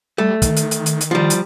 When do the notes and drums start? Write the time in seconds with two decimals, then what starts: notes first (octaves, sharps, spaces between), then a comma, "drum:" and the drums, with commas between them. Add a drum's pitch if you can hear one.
0.18 G3 A3
0.42 D#3, drum: kick, hi-hat
0.57 drum: hi-hat
0.71 drum: hi-hat
0.86 drum: hi-hat
1.01 drum: hi-hat
1.11 F3 G3
1.30 drum: hi-hat